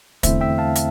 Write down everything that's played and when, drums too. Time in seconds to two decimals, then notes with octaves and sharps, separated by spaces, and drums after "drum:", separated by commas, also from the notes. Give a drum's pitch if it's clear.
0.23 E2 D3 A3 C4 E4 C5 E5, drum: kick, hi-hat
0.41 E5 G5
0.58 F5 A5
0.75 drum: hi-hat